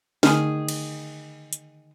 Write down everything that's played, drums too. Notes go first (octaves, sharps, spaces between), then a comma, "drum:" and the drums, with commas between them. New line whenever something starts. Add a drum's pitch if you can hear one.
D3 D#3 A3 G#4 F6, drum: snare
drum: cymbal
drum: hi-hat